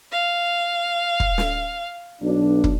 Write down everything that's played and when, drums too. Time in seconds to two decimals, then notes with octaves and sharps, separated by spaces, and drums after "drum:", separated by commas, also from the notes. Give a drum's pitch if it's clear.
0.12 F5
1.20 drum: kick
1.38 drum: snare
2.22 B1 D4
2.64 drum: kick